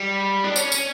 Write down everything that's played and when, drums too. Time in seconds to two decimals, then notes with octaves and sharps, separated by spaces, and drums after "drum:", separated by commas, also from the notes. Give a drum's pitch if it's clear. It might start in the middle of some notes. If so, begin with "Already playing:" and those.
Already playing: G3
0.44 D4
0.56 C#4, drum: tambourine
0.72 drum: tambourine